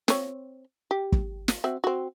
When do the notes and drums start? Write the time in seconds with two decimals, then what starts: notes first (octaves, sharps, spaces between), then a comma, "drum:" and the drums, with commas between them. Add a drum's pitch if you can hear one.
0.08 C4 C#5, drum: snare
0.91 G4
1.12 drum: kick
1.48 drum: snare
1.64 C4 F#4 E5
1.84 C4 F#4